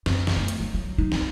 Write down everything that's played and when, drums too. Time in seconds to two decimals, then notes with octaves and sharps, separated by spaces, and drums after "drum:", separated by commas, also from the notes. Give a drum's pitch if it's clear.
0.06 F#2, drum: snare
0.27 drum: snare
0.37 A3
0.48 drum: hi-hat
0.60 F#3
0.74 F#3
0.98 D#4
1.12 drum: snare